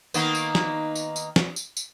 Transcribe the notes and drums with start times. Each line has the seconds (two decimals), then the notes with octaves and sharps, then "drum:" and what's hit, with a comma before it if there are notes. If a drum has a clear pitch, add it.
0.14 D#3 A#3 B3, drum: tambourine
0.35 drum: tambourine
0.55 drum: snare
0.95 drum: tambourine
1.16 drum: tambourine
1.36 drum: snare
1.56 drum: tambourine
1.77 drum: tambourine